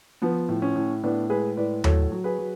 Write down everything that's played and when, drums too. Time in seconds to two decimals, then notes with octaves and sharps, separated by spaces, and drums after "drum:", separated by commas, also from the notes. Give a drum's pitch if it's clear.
0.22 F3 B3
0.49 A2
0.62 C#4
0.76 A2
1.03 A2 B3 D4
1.30 G#3 G#4 B4
1.57 A2 B4 D5
1.84 F#3 A4 C#5, drum: tom D#2
2.12 F#3
2.24 G#4 B4
2.39 F#3